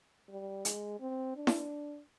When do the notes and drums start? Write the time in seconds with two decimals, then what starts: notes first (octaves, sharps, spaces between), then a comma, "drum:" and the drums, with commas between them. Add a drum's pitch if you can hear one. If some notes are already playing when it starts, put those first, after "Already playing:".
0.29 G3
0.65 G#3, drum: hi-hat
1.00 C4
1.36 D4
1.47 drum: snare E4